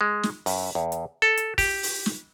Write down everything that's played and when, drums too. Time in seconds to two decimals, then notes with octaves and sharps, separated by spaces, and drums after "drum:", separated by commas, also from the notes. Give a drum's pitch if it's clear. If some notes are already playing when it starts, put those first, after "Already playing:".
0.01 G#3
0.23 drum: snare
0.46 F#2, drum: open hi-hat
0.75 E2
0.92 drum: hi-hat
1.22 A4
1.37 drum: hi-hat
1.58 G4, drum: kick, open hi-hat
1.83 drum: open hi-hat
2.06 drum: snare